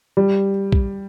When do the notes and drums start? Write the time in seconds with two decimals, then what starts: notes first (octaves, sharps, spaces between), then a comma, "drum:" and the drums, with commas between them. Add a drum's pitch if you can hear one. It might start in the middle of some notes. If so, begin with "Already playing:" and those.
0.17 G3
0.72 drum: kick A#1